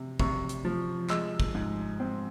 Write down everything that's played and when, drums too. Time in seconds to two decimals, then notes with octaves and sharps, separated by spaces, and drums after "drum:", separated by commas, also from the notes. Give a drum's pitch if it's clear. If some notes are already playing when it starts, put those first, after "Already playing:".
Already playing: C3
0.19 C3 C#6, drum: kick
0.49 drum: hi-hat
0.65 F3
1.10 G#3 E6, drum: clap
1.40 drum: kick
1.55 G#2
2.00 C4